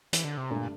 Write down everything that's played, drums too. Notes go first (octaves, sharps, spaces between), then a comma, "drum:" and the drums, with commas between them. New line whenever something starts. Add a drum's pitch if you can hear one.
E3, drum: hi-hat
D3
C3
G2 A#2 D3 A3